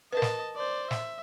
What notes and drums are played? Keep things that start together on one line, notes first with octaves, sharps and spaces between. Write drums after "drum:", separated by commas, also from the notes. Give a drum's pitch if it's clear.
A#4 B4 D#5 A5
drum: snare
C5 D5
E5, drum: snare